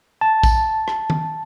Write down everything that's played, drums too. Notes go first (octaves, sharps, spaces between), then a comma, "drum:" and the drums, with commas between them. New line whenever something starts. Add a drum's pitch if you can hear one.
A5
drum: kick, tambourine
drum: rim click
drum: tom